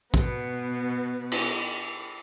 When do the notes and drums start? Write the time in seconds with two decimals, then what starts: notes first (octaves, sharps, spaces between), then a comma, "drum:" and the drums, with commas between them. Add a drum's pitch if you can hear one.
0.14 B2 B3, drum: kick
1.32 drum: cymbal